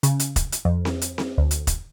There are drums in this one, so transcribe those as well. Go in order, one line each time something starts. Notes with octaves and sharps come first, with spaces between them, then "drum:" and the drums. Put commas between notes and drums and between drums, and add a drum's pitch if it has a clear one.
C#3, drum: hi-hat
drum: hi-hat
drum: kick, hi-hat
drum: hi-hat
F2
drum: snare C4
drum: hi-hat
drum: snare C4
D2
drum: hi-hat
drum: kick, hi-hat